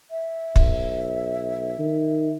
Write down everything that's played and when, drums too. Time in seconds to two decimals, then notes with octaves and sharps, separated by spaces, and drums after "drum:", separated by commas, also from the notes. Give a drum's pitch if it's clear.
0.11 E5
0.56 B1, drum: kick
1.79 D#3